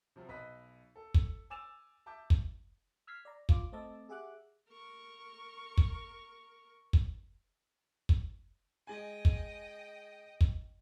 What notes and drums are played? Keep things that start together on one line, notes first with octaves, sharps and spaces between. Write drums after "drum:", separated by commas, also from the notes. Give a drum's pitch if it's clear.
C3 F3 F#3 C4
B1 B4 D#5 B6
A4
drum: kick
G#5 D6 E6 A6 E7 F7
E5 A5 D6 G6
drum: kick
E6 F6 G#6 B6 C7
D5 A#5
F4 D6, drum: kick
A3 C4 D#5 A5 D6 E6
G4 G#4 E5 F#5 D6 F#6
A#4 C#6
drum: kick
drum: kick
drum: kick
G#3 D#5 G5 G#5
drum: kick
drum: kick